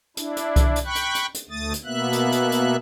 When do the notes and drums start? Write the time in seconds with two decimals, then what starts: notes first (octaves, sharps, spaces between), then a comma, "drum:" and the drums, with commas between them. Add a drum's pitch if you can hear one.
0.17 D4 E4, drum: hi-hat
0.37 drum: hi-hat
0.56 drum: kick C2, hi-hat
0.76 drum: hi-hat
0.85 G5 B5 C#6 F#6
0.95 drum: hi-hat
1.15 drum: hi-hat
1.34 drum: hi-hat
1.50 D2 A3 D#6 A6
1.74 drum: hi-hat
1.84 B2 A#3 B3 E5 F#6
2.13 drum: hi-hat
2.32 drum: hi-hat
2.52 drum: hi-hat